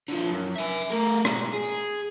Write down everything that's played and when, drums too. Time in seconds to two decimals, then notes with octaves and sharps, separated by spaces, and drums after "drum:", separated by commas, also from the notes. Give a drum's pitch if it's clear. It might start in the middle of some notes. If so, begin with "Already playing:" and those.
0.08 D3 F3, drum: tambourine
0.31 F#2
0.56 E5 G#5
0.90 A3 A#4
1.25 G#2 B2, drum: rim click
1.54 G#4
1.63 drum: tambourine